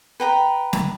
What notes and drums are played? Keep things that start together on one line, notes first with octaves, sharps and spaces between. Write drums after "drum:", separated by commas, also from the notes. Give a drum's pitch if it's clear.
B4 G5 A#5
drum: snare